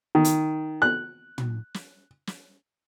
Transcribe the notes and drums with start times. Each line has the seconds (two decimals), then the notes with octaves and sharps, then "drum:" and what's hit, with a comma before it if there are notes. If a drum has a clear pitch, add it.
0.15 D#3
0.25 drum: hi-hat
0.82 F#6
1.38 drum: tom
1.74 drum: snare
2.27 drum: snare